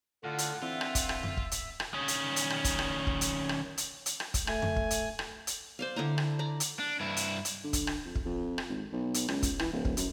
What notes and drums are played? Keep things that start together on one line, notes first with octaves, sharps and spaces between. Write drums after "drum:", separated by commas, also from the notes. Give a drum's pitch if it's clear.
A2 D3 F4 F#5
drum: hi-hat
D3 E3 C4 F4 E5
drum: rim click
drum: kick, hi-hat
drum: rim click
drum: tom F2
drum: kick
drum: hi-hat
drum: rim click
D#3 C#4
drum: hi-hat
drum: hi-hat
drum: rim click
drum: kick, hi-hat
drum: rim click
drum: kick
drum: hi-hat
drum: rim click
drum: hi-hat
drum: hi-hat
drum: rim click
drum: kick, hi-hat
A3 G#5, drum: rim click
drum: tom F2
drum: kick
drum: hi-hat
drum: rim click
drum: hi-hat
C5 D5 F5
D3 D4 E4 A#5
drum: rim click
D5 A#5
drum: hi-hat
D4
G2 E4
drum: hi-hat
drum: hi-hat
D3
drum: kick, hi-hat
drum: rim click
F2
drum: kick
F2
drum: rim click
G#1
B1
drum: hi-hat
C#2, drum: rim click
drum: kick, hi-hat
E3, drum: rim click
D1
drum: kick
F#2, drum: hi-hat